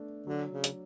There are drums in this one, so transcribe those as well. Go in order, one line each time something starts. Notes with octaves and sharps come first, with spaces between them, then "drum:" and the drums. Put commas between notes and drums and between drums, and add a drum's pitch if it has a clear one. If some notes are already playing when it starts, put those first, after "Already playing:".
Already playing: A3 B3 D4
D3 F#3
C#3
F#3, drum: hi-hat